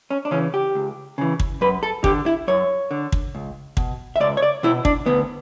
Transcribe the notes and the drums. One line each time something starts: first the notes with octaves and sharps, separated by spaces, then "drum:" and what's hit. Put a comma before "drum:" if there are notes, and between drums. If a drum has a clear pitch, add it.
C#4
D4
C#3 E3 C#4
G4
C#2
C#3 E3
drum: kick
F#2 B4
A4
D3 G4, drum: kick
E4
F#2 C#5
D3
drum: kick
C#2
B2, drum: kick
E5
C#2 D5
C#5
D5
B2 E4
D4, drum: kick
D2 B3